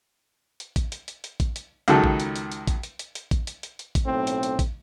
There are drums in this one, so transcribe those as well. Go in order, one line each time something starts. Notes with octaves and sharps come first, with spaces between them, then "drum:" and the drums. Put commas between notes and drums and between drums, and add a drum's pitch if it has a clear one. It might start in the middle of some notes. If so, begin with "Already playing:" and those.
drum: hi-hat
drum: kick A1, hi-hat
drum: hi-hat
drum: hi-hat
drum: hi-hat
drum: kick A1, hi-hat
drum: hi-hat
C#2 D#3 F#3 A4, drum: hi-hat
drum: kick A1
drum: hi-hat
drum: hi-hat
drum: hi-hat
drum: kick A1, hi-hat
drum: hi-hat
drum: hi-hat
drum: hi-hat
drum: kick A1, hi-hat
drum: hi-hat
drum: hi-hat
drum: hi-hat
drum: kick A1, hi-hat
B1 A2 C4
drum: hi-hat
drum: hi-hat
drum: kick A1, hi-hat